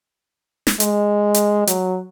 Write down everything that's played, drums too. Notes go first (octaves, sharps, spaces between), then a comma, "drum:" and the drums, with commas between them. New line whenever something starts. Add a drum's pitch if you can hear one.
drum: snare
G#3, drum: hi-hat
drum: hi-hat
F#3, drum: hi-hat